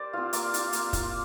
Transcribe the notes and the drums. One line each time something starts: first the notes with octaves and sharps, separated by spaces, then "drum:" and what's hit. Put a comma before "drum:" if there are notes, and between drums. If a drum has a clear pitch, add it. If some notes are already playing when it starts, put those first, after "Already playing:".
Already playing: G4 A#4 C5 D5
C4 F4 F5
A#3 D5, drum: hi-hat
F4, drum: hi-hat
A#3, drum: hi-hat
F4, drum: kick, hi-hat